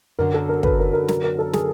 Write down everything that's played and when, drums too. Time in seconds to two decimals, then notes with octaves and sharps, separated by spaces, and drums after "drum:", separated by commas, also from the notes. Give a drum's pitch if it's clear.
0.19 F#2 D3 F#3 A#4
0.34 A4
0.49 A#4
0.63 B4, drum: kick
0.79 A#4
0.93 A#4
1.08 A#4, drum: snare
1.24 A#4
1.39 A4
1.53 G#4, drum: snare